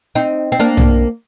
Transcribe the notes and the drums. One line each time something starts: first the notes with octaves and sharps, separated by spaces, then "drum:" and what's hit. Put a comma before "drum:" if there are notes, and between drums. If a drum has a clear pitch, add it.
C4 D#4
C4
A#3 D4
drum: tom